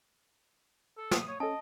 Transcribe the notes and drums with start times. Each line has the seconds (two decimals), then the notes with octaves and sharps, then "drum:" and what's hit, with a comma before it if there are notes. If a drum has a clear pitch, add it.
0.97 A4
1.11 D#6, drum: snare
1.28 C#5
1.40 C#4 A4 D#5 A5